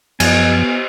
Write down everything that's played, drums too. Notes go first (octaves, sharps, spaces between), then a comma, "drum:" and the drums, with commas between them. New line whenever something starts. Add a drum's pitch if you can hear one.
F#2 F3 B3 G#5, drum: cymbal